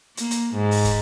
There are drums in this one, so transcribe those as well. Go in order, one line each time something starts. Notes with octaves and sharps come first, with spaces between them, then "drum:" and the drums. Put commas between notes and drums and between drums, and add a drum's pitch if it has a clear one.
A#3, drum: hi-hat
drum: hi-hat
G#2
drum: open hi-hat
drum: kick, hi-hat